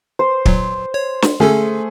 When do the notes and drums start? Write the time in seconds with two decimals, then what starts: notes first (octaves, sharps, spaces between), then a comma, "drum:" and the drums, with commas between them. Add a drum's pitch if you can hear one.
0.19 C5
0.46 A#2 F#3, drum: kick
0.94 C#5
1.22 drum: snare
1.40 D3 A3 C#4 G#4 A4